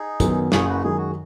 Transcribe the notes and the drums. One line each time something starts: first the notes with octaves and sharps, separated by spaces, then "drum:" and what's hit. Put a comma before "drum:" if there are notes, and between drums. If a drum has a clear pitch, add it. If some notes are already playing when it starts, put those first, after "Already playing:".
Already playing: D#4 G#4
F#2 D#3 B3, drum: kick, hi-hat
F#1 F#2 C#3 G#4 C#5, drum: snare
F#4 B4
F#2 D#3 G#3 G#4
F#4